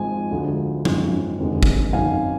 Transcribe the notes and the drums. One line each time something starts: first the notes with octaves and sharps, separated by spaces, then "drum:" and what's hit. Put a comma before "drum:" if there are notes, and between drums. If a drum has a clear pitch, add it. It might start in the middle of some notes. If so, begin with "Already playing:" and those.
Already playing: G#1 G#2 F3 G#3 G#5
D2 D3 F3 G#3
G#1 F#2 F3 G#3, drum: tom F3
F1 D#2 D3 G#3
drum: kick
G#1 F#2 D#3 F5 G#5